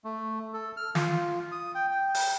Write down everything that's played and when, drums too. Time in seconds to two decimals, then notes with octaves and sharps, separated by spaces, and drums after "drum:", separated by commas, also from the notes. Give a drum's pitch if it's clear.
0.04 A3
0.53 A4
0.77 F6
0.95 F4, drum: snare
1.52 D#6
1.75 G5
1.91 G5
2.14 drum: open hi-hat